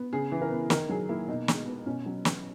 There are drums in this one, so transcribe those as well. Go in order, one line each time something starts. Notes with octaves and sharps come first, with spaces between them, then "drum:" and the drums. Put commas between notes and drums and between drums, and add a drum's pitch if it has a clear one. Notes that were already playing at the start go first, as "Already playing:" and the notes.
Already playing: B3
C#3 G#4
E3
A#4
B3
D#3 A#4, drum: snare
F#3 G#4
A#3 E4
B2 D#4
G#3, drum: snare
B3
B2 C#4
F#3
B3, drum: snare